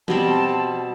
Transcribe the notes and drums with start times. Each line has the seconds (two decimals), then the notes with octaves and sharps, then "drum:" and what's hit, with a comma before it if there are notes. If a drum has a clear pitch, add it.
0.08 B2 G3 C4 A5, drum: tom E3